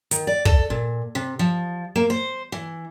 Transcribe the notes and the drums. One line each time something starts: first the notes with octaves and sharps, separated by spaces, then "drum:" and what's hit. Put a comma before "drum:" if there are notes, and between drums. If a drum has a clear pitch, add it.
D#3, drum: hi-hat
D5
A4, drum: kick
A#2
C3
F3
A#3
C5
E3